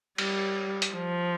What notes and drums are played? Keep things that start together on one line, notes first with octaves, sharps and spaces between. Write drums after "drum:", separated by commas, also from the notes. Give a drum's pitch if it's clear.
G3, drum: cymbal
drum: hi-hat
F3